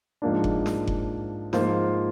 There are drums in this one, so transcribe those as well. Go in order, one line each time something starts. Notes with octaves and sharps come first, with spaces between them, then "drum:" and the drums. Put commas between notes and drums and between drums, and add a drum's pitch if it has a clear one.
G#2 F3 A#3 D4
drum: kick F#1
drum: snare
drum: kick F#1
G#2 F3 A#3 F4 C5, drum: snare